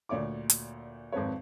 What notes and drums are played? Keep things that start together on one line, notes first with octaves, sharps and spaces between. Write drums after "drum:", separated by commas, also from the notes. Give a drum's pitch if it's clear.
D2 A#2 C#5 D5 D6
drum: hi-hat
G#1 F2 C4 B4 C#5